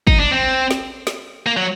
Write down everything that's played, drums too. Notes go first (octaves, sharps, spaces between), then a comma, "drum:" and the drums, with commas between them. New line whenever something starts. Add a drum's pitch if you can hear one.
D#4, drum: kick
D4
C4
drum: snare
drum: snare
A#3
F#3